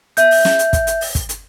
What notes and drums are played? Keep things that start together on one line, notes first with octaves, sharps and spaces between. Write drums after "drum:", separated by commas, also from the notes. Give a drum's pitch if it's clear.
E5 G6, drum: hi-hat
drum: open hi-hat
drum: snare
drum: hi-hat
drum: kick, hi-hat
drum: hi-hat
drum: open hi-hat
drum: kick, hi-hat
drum: hi-hat